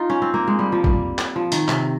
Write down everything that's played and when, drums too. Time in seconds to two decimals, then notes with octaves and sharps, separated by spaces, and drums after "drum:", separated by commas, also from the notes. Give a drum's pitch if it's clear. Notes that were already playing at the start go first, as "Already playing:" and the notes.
Already playing: D#4 F4
0.10 C#4
0.22 C4
0.34 A#3
0.47 G#3
0.59 G3
0.72 F3
0.84 G3, drum: kick
1.18 drum: clap
1.36 F3
1.52 D#3, drum: hi-hat
1.68 C3, drum: clap